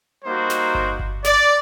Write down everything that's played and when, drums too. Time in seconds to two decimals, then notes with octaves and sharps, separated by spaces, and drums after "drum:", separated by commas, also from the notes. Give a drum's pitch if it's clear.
0.24 G3 A#3 D#4 F#4 C5
0.50 drum: snare
0.75 drum: kick G1
0.99 drum: kick G1
1.24 D5, drum: snare